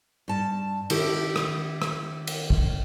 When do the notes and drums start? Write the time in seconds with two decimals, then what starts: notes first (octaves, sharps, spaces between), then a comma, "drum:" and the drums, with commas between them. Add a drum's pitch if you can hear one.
0.28 G2 A5
0.90 D#3 E4 G4, drum: cymbal
1.36 drum: rim click
1.82 drum: rim click
2.27 drum: cymbal
2.50 drum: kick